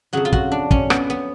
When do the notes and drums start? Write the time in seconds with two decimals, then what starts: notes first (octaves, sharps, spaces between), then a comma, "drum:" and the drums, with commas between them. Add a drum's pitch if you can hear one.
0.13 F2 C#3 F#3 F#4
0.25 F4
0.33 F#4, drum: kick
0.52 D4
0.71 C#4, drum: kick
0.90 B3, drum: rim click
1.10 B3